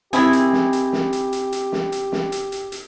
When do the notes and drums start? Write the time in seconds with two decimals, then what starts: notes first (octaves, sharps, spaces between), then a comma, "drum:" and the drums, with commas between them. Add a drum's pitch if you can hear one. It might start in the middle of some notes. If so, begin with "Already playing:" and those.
0.13 D#3 C4 E4 G4 G#4, drum: hi-hat
0.33 drum: hi-hat
0.53 drum: snare
0.73 drum: hi-hat
0.93 drum: snare
1.13 drum: hi-hat
1.32 drum: hi-hat
1.52 drum: hi-hat
1.72 drum: snare
1.92 drum: hi-hat
2.12 drum: snare
2.32 drum: hi-hat
2.52 drum: hi-hat
2.72 drum: hi-hat